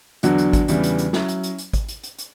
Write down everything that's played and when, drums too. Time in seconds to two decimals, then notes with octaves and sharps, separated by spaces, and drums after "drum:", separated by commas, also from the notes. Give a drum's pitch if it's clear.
0.23 E2 D3 F#3 D4 F#4, drum: hi-hat
0.38 drum: hi-hat
0.53 drum: kick G#1, hi-hat
0.68 E2 C#3 E3 G3, drum: hi-hat
0.83 drum: hi-hat
0.98 drum: hi-hat
1.13 F#3 C#4 E4, drum: snare
1.28 drum: hi-hat
1.43 drum: hi-hat
1.58 drum: hi-hat
1.73 drum: kick G#1, hi-hat
1.88 drum: hi-hat
2.03 drum: hi-hat
2.19 drum: hi-hat